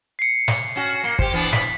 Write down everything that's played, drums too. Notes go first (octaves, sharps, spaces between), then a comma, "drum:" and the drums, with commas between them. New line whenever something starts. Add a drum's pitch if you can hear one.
C7 C#7
drum: snare
C#4 F#4
A#3
G4 C5, drum: kick
E3 B3 D4
B6, drum: snare